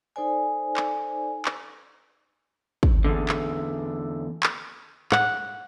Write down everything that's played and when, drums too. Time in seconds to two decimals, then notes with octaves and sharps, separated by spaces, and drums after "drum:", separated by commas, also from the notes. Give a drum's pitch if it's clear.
0.16 D#4 A4 C5 D5 G#5
0.77 drum: clap
1.45 drum: clap
2.83 drum: kick
3.04 E2 D3
3.29 drum: clap
4.43 drum: clap
5.12 F#5, drum: clap